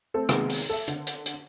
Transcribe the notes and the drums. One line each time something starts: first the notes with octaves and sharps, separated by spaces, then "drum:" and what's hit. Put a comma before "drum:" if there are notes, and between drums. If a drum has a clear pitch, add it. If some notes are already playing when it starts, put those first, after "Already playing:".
A3 C4 A4
C3 D#3 G#3 A#3 B3, drum: rim click
drum: open hi-hat
A4 E5
D3, drum: hi-hat
drum: hi-hat
drum: hi-hat